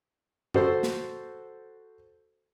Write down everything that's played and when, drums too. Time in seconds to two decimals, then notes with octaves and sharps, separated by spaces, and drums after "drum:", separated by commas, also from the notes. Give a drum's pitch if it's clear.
0.54 F#4 A4 C5, drum: tom F#2
0.83 drum: snare